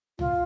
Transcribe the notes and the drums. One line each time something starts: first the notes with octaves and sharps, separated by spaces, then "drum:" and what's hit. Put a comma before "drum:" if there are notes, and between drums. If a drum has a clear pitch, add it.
F4, drum: tom C2